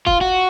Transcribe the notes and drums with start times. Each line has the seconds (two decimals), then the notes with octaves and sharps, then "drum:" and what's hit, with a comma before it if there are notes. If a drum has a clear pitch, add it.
0.07 F4, drum: kick
0.21 F#4